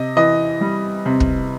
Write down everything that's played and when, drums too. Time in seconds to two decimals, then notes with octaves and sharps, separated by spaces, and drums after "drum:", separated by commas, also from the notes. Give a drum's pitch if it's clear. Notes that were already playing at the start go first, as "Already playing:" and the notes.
Already playing: C3 D#5
0.16 E3 D#5
0.61 G3
1.06 C3
1.20 drum: kick